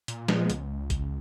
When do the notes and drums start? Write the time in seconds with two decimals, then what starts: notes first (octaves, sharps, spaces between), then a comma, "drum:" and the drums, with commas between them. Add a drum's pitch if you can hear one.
0.08 A#2, drum: hi-hat
0.28 F3 G#3 B3, drum: snare
0.50 C#2, drum: hi-hat
0.90 drum: kick, hi-hat